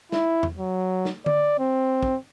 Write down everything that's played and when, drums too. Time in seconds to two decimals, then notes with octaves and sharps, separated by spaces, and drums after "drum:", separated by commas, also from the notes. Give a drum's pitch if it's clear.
0.12 E4, drum: snare
0.43 drum: tom E2
0.59 F#3
1.05 drum: snare
1.26 D5, drum: tom D3
1.59 C4
2.03 drum: kick